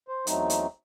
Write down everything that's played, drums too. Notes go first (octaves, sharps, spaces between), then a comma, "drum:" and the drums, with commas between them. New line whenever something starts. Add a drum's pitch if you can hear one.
C5
E2 F#3 A3 C4 D#4, drum: hi-hat
drum: hi-hat